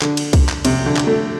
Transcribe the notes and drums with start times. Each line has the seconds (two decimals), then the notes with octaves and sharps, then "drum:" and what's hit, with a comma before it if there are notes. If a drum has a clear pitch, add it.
0.02 D3, drum: clap
0.17 drum: cymbal
0.33 drum: kick C2, cymbal
0.49 drum: clap
0.65 C3, drum: cymbal
0.86 D3
0.97 drum: clap
1.07 A3